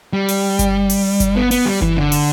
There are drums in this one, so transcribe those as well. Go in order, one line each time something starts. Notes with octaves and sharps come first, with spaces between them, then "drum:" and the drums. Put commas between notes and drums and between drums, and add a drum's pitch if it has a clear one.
G3
drum: open hi-hat
drum: kick G1, hi-hat
drum: open hi-hat
drum: kick G1, hi-hat
B3
B3, drum: open hi-hat
G3
E3, drum: kick G1
D3
drum: open hi-hat